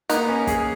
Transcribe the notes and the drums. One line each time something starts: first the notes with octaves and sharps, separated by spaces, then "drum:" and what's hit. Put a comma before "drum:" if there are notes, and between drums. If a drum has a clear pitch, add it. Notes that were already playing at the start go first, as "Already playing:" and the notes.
A#3 B3 D#4, drum: hi-hat
C#4
G#4, drum: kick, hi-hat